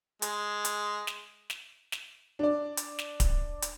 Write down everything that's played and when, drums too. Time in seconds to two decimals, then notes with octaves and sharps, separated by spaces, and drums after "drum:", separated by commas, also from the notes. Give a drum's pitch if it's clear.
0.22 G#3, drum: hi-hat
0.65 drum: hi-hat
1.07 drum: snare
1.50 drum: snare
1.92 drum: snare
2.39 D4 D5
2.77 drum: hi-hat
2.99 drum: snare
3.20 drum: kick D1, hi-hat
3.62 drum: hi-hat